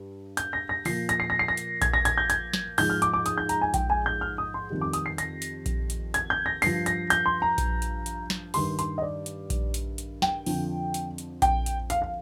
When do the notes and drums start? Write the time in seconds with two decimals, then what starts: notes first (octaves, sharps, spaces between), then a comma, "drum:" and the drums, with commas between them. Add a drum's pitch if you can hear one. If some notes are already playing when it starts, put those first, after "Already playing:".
Already playing: G2 G3
0.37 G6, drum: hi-hat
0.53 A#6
0.69 A#6
0.85 A#2 F3 C7, drum: open hi-hat
1.09 A#6, drum: hi-hat
1.20 C7
1.30 A#6
1.39 C7
1.48 A#6
1.57 drum: hi-hat
1.82 G#6, drum: kick A#1, hi-hat
1.94 A#6
2.05 G#6, drum: hi-hat
2.18 G6
2.30 G#6, drum: hi-hat
2.53 drum: snare
2.78 G#2 F3 G6, drum: open hi-hat
2.90 F6
3.02 D6, drum: hi-hat
3.14 D6
3.26 D#6, drum: hi-hat
3.38 G6
3.49 A#5, drum: hi-hat
3.61 G#5
3.74 G5, drum: kick A#1, hi-hat
3.90 G#5
4.06 G6
4.21 F6
4.38 D#6
4.54 C6
4.70 F2 D#3 G3
4.81 D6
4.93 D#6, drum: hi-hat
5.06 C7
5.18 A#6, drum: hi-hat
5.42 drum: hi-hat
5.66 drum: kick A#1, hi-hat
5.90 drum: hi-hat
6.14 G#6, drum: hi-hat
6.30 G6
6.46 A#6
6.62 G2 F3 C7, drum: open hi-hat
6.86 A#6, drum: hi-hat
7.10 G6, drum: hi-hat
7.26 C6
7.42 A#5
7.58 drum: kick A#1, hi-hat
7.82 drum: hi-hat
8.06 drum: hi-hat
8.30 drum: snare
8.54 G2 D#3 G3 C6, drum: open hi-hat
8.79 C6, drum: hi-hat
8.98 D#5
9.02 D5
9.26 drum: hi-hat
9.50 drum: kick A#1, hi-hat
9.74 drum: hi-hat
9.98 drum: hi-hat
10.22 G5, drum: snare
10.46 F2 D3 F3, drum: open hi-hat
10.94 drum: hi-hat
11.18 drum: hi-hat
11.42 G5, drum: kick A#1, hi-hat
11.66 drum: hi-hat
11.90 F5, drum: hi-hat
12.02 F5